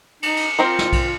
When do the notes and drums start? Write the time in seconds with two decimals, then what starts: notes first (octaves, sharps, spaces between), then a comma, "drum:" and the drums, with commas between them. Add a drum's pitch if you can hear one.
0.23 D#4 C#7, drum: cymbal
0.37 drum: cymbal
0.59 C4 F4 A#4 C5
0.79 drum: snare
0.93 drum: kick B1, cymbal